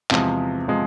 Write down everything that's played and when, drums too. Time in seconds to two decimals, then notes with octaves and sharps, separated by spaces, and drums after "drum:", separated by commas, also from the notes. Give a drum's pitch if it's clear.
0.11 E2 C3 F3 G#3, drum: clap
0.68 C3 F3 G#3